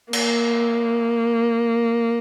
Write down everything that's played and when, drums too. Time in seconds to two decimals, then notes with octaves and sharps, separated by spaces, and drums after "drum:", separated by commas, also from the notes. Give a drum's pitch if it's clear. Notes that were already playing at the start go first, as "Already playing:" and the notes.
0.13 A#3, drum: cymbal